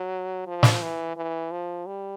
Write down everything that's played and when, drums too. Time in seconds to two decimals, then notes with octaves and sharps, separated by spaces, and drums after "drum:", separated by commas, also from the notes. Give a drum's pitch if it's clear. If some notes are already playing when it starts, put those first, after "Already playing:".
Already playing: F#3
0.47 F3
0.63 drum: snare
0.82 E3
1.17 E3
1.52 F3
1.87 G3